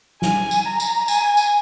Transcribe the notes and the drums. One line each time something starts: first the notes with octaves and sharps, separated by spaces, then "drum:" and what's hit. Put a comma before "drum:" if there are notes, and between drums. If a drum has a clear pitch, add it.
G#5, drum: snare
drum: tambourine
A#5
drum: tambourine
G#5, drum: tambourine
drum: tambourine